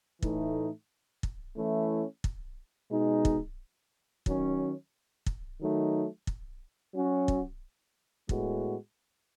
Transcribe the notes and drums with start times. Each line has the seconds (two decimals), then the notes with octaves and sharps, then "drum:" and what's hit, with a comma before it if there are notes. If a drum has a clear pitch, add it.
0.22 A2 E3 A3 D#4, drum: kick
1.23 drum: kick
1.57 E3 A3 C#4 E4
2.24 drum: kick
2.92 B2 G#3 D#4
3.25 drum: kick
4.26 D#3 F#3 C#4, drum: kick
5.26 drum: kick
5.60 D#3 F#3 A3 D#4
6.27 drum: kick
6.94 F#3 C#4 F#4
7.28 drum: kick
8.29 A2 G#3 B3 F#4, drum: kick